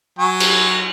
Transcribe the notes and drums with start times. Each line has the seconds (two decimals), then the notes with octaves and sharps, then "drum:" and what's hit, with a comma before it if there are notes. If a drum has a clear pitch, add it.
0.19 F#3 G#5
0.40 drum: cymbal